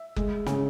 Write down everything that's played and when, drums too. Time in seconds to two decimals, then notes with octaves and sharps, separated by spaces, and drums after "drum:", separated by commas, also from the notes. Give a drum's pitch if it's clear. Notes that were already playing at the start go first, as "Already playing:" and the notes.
Already playing: E5
0.16 G#3, drum: kick F#1
0.46 C#3, drum: snare